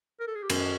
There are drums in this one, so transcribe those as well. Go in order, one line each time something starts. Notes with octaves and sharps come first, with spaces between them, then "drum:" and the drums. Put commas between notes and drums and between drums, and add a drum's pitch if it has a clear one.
A#4
A4
G#4
G4
F#2 F#4, drum: cymbal